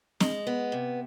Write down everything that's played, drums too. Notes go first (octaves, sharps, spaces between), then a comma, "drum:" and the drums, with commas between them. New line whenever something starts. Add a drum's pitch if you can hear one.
G#3, drum: snare C4
B3
C3